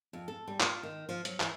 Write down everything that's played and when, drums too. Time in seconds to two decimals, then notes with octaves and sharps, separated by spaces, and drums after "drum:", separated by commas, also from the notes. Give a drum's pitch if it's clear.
0.13 F2
0.28 A4
0.48 G3
0.60 F4, drum: clap
0.83 D#3
1.09 F3
1.25 F#3, drum: hi-hat
1.40 E3, drum: clap